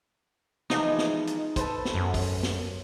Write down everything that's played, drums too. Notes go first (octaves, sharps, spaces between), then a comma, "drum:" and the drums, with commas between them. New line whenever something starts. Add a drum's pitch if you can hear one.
E3 F3 G#3 D#4, drum: snare
drum: snare
drum: hi-hat
A4 B4 C5, drum: kick, hi-hat
drum: snare
F#2
drum: kick, open hi-hat
drum: snare